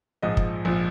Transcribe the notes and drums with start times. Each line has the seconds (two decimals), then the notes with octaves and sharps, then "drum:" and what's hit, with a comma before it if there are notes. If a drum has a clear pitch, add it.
0.22 A#1 G#2 F3 D#5
0.37 drum: kick
0.65 A#1 F3